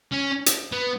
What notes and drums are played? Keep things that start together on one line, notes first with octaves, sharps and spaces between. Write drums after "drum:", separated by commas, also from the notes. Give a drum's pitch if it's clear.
C#4
drum: hi-hat
B3